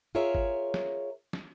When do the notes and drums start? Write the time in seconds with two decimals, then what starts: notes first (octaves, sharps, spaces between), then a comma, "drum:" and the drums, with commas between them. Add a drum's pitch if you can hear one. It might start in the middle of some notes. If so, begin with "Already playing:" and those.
0.15 F4 G#4 A#4 C#5 E5
0.35 drum: kick G1
0.74 drum: snare
1.33 drum: snare